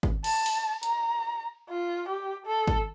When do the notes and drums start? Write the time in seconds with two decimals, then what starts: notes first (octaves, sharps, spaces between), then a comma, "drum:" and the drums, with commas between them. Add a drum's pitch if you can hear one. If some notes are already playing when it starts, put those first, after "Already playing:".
0.03 drum: kick G#1
0.24 A5, drum: cymbal
0.46 drum: open hi-hat
0.83 A#5, drum: hi-hat
1.69 F4
2.08 G4
2.46 A4
2.67 drum: kick G#1